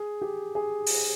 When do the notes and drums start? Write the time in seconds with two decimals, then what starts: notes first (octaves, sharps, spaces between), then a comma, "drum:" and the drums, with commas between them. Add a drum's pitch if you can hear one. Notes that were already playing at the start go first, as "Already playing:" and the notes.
Already playing: G#4
0.22 G4
0.55 G#4
0.86 drum: open hi-hat